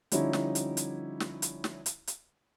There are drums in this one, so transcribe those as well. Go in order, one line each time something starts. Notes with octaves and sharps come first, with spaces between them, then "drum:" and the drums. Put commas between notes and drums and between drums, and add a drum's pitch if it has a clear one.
D3 F3 G3 C#4 D#4 E4, drum: hi-hat
drum: snare
drum: hi-hat
drum: hi-hat
drum: snare
drum: hi-hat
drum: snare
drum: hi-hat
drum: hi-hat